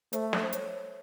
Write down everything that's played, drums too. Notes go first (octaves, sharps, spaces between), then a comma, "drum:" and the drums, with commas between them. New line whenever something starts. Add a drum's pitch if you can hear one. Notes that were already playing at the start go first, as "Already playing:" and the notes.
A3 C5, drum: hi-hat
drum: snare
C5
C#5, drum: hi-hat